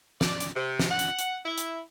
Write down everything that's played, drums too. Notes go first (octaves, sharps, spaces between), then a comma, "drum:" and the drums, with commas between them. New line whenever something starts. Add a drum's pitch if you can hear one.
D5, drum: snare
drum: hi-hat
C3
drum: snare
F#5
drum: hi-hat
drum: hi-hat
E4
drum: hi-hat